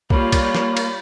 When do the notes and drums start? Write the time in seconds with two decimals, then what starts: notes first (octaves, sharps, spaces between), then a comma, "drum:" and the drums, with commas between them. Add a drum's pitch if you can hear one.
0.10 G3 A#3 F4 C#5 B5, drum: kick
0.32 drum: kick, cymbal
0.55 drum: snare
0.77 drum: cymbal